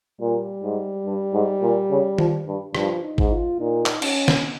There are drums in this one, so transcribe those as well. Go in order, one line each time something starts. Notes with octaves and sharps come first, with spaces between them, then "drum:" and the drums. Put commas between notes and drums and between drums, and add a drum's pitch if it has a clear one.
A#2 G3
G#2
G2
G#2
A#2
C#3
F3, drum: tom D#3
G2
G2 F3, drum: rim click
D#4
G#2, drum: kick G#1
F4
A#2 D#4
drum: clap
C#4, drum: cymbal
drum: snare